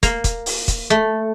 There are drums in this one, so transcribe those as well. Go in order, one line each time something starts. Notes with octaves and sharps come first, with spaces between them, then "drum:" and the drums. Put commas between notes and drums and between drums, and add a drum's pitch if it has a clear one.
A#3, drum: kick, hi-hat
drum: kick, hi-hat
drum: open hi-hat
drum: kick, hi-hat
A3